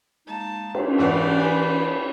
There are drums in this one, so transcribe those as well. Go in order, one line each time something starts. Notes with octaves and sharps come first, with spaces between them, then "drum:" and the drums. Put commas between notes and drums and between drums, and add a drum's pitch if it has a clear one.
G#3 A#3 D#4 A5
drum: cymbal
G#1 G2 E3 B4 D5 F#5
B4 G#5